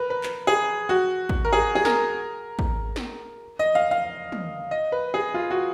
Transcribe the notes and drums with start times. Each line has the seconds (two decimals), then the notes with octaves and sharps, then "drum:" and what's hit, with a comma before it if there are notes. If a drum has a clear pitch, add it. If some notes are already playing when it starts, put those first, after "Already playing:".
Already playing: A#4 B4
0.10 B4
0.23 drum: clap
0.47 G#4
0.89 F#4
1.29 drum: kick
1.45 A#4
1.53 G#4
1.75 G#4
1.85 A#4, drum: snare
2.59 drum: kick
2.96 drum: snare
3.59 D#5
3.75 F5
3.91 F5
4.32 drum: tom
4.71 D#5
4.92 B4
5.14 G#4
5.34 F4
5.51 F#4